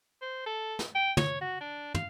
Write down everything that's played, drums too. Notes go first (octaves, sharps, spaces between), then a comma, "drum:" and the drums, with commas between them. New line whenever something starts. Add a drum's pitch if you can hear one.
C5
A4
drum: snare
G5
C#5, drum: tom
F#4
D4
F5, drum: tom